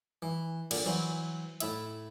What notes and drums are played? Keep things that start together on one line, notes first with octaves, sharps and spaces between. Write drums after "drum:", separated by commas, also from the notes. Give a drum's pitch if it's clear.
E3
A#2 D3, drum: cymbal
E3 F#3 C4
A2 E4 E5, drum: hi-hat